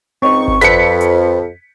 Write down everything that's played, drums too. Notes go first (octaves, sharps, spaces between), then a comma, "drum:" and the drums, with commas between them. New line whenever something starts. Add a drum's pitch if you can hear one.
C#2 C4 D#4 C#6
drum: kick G1
F2 A4 B4 B6 C#7, drum: hi-hat
drum: hi-hat